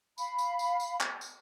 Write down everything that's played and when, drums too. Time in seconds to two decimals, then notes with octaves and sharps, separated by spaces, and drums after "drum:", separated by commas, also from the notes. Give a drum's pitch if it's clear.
0.18 F5 B5, drum: tambourine
0.38 drum: tambourine
0.59 drum: tambourine
0.80 drum: tambourine
1.00 drum: clap
1.21 drum: tambourine